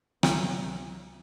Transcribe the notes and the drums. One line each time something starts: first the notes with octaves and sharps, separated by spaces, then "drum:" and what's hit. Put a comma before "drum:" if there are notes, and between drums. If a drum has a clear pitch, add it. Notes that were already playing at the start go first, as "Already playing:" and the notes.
C#2 C3 F#3, drum: rim click